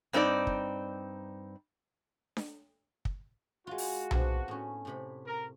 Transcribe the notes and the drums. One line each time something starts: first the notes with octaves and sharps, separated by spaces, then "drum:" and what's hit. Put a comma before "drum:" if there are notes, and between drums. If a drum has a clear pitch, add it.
G2 C4 D#4 G4 D5
drum: kick
drum: snare D4
drum: kick
G#3 F4 F#4
drum: open hi-hat
B3 C4 D4, drum: tom B1
A2 C#4
A2 C3 B5
A#4